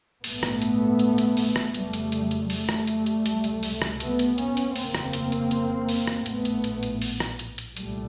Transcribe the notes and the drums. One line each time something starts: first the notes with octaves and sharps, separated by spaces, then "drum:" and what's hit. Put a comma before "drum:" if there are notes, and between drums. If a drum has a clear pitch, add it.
A#1 G#2 A3 B3, drum: open hi-hat
drum: rim click
drum: hi-hat
drum: hi-hat
drum: hi-hat
drum: open hi-hat
drum: rim click
F1 F2 C#3 G3 A3, drum: hi-hat
drum: hi-hat
drum: hi-hat
drum: hi-hat
G3 A3, drum: open hi-hat
drum: rim click
drum: hi-hat
drum: hi-hat
C#2 C3, drum: hi-hat
drum: hi-hat
drum: open hi-hat
drum: rim click
A3 B3, drum: hi-hat
drum: hi-hat
B3 C#4, drum: hi-hat
drum: hi-hat
F1 D#2 C#3 A#3 C4, drum: open hi-hat
drum: rim click
drum: hi-hat
drum: hi-hat
drum: hi-hat
drum: open hi-hat
drum: rim click
A#1 A2 A3 B3, drum: hi-hat
drum: hi-hat
drum: hi-hat
drum: hi-hat
drum: open hi-hat
drum: rim click
drum: hi-hat
drum: hi-hat
C2 A#2 G3 A3, drum: hi-hat